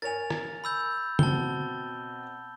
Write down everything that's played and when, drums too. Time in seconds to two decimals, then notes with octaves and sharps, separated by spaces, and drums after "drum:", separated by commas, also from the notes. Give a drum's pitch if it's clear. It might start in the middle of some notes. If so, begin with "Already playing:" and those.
0.02 A#4 C#5 G#5 A6 F7
0.30 drum: rim click
0.64 B5 E6 G6
1.19 B2 C4 A5 G7, drum: tom C#3